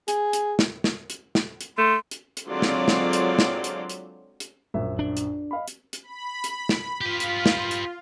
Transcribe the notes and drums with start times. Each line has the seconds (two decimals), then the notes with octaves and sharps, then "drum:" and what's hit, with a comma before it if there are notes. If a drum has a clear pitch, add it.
0.08 G#4, drum: hi-hat
0.33 drum: hi-hat
0.59 drum: snare
0.84 drum: snare
1.10 drum: hi-hat
1.35 drum: snare
1.61 drum: hi-hat
1.78 A3 C6
2.11 drum: hi-hat
2.37 drum: hi-hat
2.47 D3 F#3 G#3 C4 F4 D5
2.62 drum: snare
2.88 drum: snare
3.13 drum: hi-hat
3.39 drum: snare
3.64 drum: hi-hat
3.89 drum: hi-hat
4.40 drum: hi-hat
4.74 A#1 F#2 E5
4.99 D4
5.17 drum: hi-hat
5.51 D#5 F5 B5
5.68 drum: hi-hat
5.93 drum: hi-hat
6.03 B5
6.44 drum: hi-hat
6.69 drum: snare
7.01 F4 G4 B4
7.20 drum: hi-hat
7.46 drum: snare
7.71 drum: hi-hat